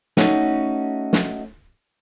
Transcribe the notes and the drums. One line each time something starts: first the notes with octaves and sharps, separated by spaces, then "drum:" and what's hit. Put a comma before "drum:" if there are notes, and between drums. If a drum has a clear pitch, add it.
A3 C#4 D#4 F#4, drum: snare
drum: snare